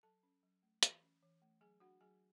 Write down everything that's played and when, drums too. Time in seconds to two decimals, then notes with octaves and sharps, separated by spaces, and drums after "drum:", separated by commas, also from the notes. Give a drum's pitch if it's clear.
0.03 F#3 A4 A5
0.23 C#4
0.43 F#3
0.63 A3
0.83 E3, drum: hi-hat
1.03 C#4
1.22 E3
1.42 A3
1.61 F#3 G#4 G#5
1.80 D4 F#4 F#5
2.01 F#3 G#4 G#5